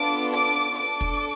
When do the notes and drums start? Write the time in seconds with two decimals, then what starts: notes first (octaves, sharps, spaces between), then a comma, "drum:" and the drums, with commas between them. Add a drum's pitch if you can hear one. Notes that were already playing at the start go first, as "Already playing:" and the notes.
Already playing: B3 D4 F4 A4 D6
0.34 D6
0.78 D4 A4 D6
1.01 drum: kick